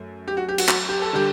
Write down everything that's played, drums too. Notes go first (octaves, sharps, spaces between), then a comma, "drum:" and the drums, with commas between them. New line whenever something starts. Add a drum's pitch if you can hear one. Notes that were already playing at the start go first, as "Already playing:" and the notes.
Already playing: F#2 A3
G4
F#4
G4
F#4, drum: cymbal
F#4, drum: clap
G4
A4
D3 G3 G4